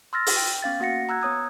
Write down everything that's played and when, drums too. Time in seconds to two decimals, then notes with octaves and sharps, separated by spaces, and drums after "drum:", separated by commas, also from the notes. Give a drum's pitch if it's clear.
0.13 C6 E6 F6 A6 A#6
0.26 drum: open hi-hat
0.37 G5
0.63 B3 C#4 F5 A6
0.80 A#3 F#4 F#5 A#6 C#7
1.09 A#5 E6 F#6 G#6
1.22 B3 C#5 D#6 G#6